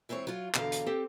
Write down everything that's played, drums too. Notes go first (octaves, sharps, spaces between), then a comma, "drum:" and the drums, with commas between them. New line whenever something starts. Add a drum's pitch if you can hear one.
E3 G#3 C4 C5 C#5
F#3 F4
E2 B2 D3 G#4 F5 A#5, drum: clap
drum: hi-hat
C4 G4 A4